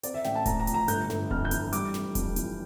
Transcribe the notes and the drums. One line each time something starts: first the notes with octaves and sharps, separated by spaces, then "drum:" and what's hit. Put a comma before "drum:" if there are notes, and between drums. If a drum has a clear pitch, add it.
C4 D5, drum: hi-hat
E5
A1 G5, drum: snare
A5
A2 A#5, drum: kick D#1, hi-hat
A#5
F3, drum: hi-hat
A#5
G1 G6, drum: hi-hat
G1, drum: snare
F2 F6, drum: kick D#1
G6
E3, drum: hi-hat
G3 D6, drum: hi-hat
F1, drum: snare
F2, drum: kick D#1, hi-hat
E3, drum: hi-hat